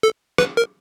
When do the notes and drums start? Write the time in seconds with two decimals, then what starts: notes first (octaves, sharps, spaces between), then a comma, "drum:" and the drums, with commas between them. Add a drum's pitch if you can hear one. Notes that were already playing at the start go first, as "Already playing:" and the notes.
0.03 A4
0.38 B4, drum: rim click
0.57 A#4